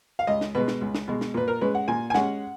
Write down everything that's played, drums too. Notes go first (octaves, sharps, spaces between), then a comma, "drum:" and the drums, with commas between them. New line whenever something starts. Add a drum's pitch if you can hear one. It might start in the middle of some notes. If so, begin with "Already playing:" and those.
F5
C#2 D#5
drum: snare
B2 G#3 B4
drum: snare
C#2
drum: snare
B2 G#3
drum: snare
A#2 B4
A#4
G#3 C#4 B4
F#5
A#2 G#5
G#5
G#3 C#4 F#5, drum: snare